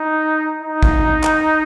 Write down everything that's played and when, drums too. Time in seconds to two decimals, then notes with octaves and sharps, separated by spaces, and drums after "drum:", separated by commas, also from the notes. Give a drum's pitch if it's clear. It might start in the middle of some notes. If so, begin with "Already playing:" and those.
Already playing: D#4
0.62 D#4
0.83 drum: kick
1.24 drum: clap